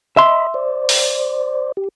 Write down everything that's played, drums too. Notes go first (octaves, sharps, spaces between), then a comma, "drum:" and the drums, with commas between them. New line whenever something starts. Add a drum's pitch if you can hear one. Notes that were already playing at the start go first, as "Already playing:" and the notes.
D#5 E5 B5 C6
C5 D5
drum: open hi-hat
G4